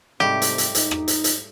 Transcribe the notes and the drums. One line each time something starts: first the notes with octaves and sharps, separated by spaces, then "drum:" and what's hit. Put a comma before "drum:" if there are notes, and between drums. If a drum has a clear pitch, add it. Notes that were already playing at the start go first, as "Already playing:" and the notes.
G#2 C3 G3 A3 G4
drum: hi-hat
drum: hi-hat
D#4, drum: hi-hat
drum: rim click
drum: hi-hat
drum: hi-hat